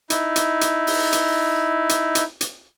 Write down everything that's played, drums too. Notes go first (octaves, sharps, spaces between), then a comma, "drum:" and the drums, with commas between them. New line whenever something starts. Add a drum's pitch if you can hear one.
D#4 E4, drum: hi-hat
drum: hi-hat
drum: hi-hat
drum: open hi-hat
drum: hi-hat
drum: hi-hat
drum: hi-hat
drum: hi-hat